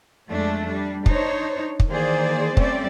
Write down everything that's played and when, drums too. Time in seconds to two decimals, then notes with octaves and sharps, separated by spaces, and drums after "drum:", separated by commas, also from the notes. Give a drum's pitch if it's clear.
0.29 F2 G#3 A3 D4
0.65 G3 D4
1.06 D4 D#4 C5 C#5, drum: kick
1.80 drum: kick
1.89 D#3 E3 A#3 G#4 C5 D5
2.57 G3 A3 C4 C#4 C5 D5, drum: kick